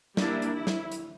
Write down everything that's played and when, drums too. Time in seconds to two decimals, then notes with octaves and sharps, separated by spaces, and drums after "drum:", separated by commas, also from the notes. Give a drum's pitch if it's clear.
0.17 G3 A#3 D4 E4, drum: snare
0.42 drum: hi-hat
0.54 E4
0.67 drum: snare
0.92 drum: hi-hat